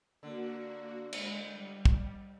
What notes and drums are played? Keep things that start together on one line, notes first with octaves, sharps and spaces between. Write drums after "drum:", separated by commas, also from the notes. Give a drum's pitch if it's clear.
D3 A#3 F#4
G#3 B5, drum: cymbal
G3
drum: kick